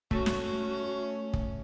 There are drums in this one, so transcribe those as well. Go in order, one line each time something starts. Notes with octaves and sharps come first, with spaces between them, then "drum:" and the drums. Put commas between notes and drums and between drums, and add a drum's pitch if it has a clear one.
A3 C#4 F#4, drum: kick
drum: snare
drum: kick